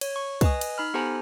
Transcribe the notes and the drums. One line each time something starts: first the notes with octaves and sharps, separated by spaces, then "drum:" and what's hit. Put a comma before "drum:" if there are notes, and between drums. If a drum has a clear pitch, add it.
C#5, drum: cymbal
C#6
B4 D#5 G#5 D#6, drum: kick, cymbal
drum: cymbal
D#4 B5 F6
B3 G4 A4 C5 G#5 A#5